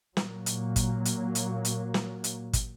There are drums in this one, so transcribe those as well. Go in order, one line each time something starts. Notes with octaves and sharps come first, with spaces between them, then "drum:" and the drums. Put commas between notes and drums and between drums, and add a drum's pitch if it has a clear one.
A#2 F#3 A#3, drum: snare
drum: hi-hat
drum: kick, hi-hat
drum: hi-hat
drum: hi-hat
drum: hi-hat
drum: snare
drum: hi-hat
drum: kick, hi-hat